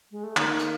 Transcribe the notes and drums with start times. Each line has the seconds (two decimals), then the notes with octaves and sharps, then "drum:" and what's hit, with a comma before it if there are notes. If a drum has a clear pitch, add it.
0.11 G#3
0.24 A3
0.37 D#3 A#3, drum: clap
0.59 drum: hi-hat